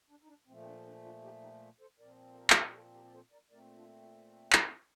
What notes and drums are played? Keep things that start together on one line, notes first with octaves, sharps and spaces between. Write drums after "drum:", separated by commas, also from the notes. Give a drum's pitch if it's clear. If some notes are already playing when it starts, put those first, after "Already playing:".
D4
D#4
D4
A#2 F3 A3 C4
C4
D4
D4
D4 F4
D#4 G4
D#4 G4
A4 C5
A#2 F3 C4 A#4 D5
A4
G4 A#4
drum: clap
G4
F4 A4
G4 A#4
D5
A4 C5
A#4 D5
A#2 A3 C4 A#4 D5
D4 F4
F4
drum: clap